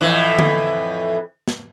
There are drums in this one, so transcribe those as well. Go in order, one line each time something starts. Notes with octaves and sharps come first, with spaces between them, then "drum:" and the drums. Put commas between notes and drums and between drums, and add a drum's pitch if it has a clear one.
F2 A2 E3
drum: tom D3
drum: snare